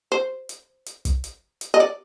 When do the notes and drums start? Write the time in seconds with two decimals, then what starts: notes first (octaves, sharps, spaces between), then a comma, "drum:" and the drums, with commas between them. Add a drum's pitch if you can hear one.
0.12 C5
0.49 drum: hi-hat
0.86 drum: hi-hat
1.05 drum: kick, hi-hat
1.24 drum: hi-hat
1.61 drum: hi-hat
1.74 D#5
1.80 D5